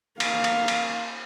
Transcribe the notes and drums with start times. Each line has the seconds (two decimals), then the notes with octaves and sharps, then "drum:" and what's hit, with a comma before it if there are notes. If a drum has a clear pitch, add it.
0.20 A#3 F5, drum: cymbal
0.44 drum: cymbal
0.68 drum: cymbal